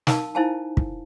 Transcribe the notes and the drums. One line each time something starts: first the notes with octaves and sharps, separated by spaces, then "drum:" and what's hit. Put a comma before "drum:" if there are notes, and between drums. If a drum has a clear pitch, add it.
D#4 A#4 F5 A5, drum: snare
D#4 E4 C5 F5 G#5 A5
drum: kick